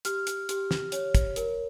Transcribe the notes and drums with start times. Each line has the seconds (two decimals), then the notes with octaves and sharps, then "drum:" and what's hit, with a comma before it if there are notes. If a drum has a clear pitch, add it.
0.05 G4 F6, drum: hi-hat
0.27 drum: hi-hat
0.49 G4, drum: hi-hat
0.71 drum: snare
0.92 C#5, drum: hi-hat
1.15 drum: kick, hi-hat
1.36 A#4, drum: hi-hat